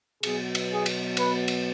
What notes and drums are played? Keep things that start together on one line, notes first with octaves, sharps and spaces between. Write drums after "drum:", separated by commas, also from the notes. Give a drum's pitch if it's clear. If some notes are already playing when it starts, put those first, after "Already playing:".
B2 F#3 B3 G#4, drum: cymbal
drum: cymbal
G#4
drum: cymbal
B4, drum: cymbal
drum: cymbal